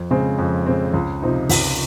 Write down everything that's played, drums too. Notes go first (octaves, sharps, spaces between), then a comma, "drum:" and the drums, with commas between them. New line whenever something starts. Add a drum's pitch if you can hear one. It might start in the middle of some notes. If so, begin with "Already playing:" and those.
Already playing: F2
C#3 G#3 C4
F2
C#3 G#3 C4
C#2
C3 F3 C4 D#4
C#2, drum: open hi-hat